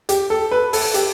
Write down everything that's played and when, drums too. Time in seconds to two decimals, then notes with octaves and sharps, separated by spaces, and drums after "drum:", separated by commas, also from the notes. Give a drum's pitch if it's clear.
0.09 G4, drum: hi-hat
0.30 A4
0.51 B4
0.73 A4, drum: open hi-hat
0.94 G4, drum: hi-hat